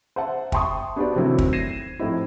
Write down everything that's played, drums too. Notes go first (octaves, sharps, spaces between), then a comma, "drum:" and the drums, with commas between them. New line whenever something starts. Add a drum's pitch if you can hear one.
C5 E5 F#5 A5
E5 G5 A5 C6 C#6 D#6, drum: kick
B3 D4 F#4 G4 C5 D5
C3 D#3 F#3 A3 C4 E4
drum: kick
G#6 A#6 C7 D#7 E7
A2 F3 A3 C4 D#4 E4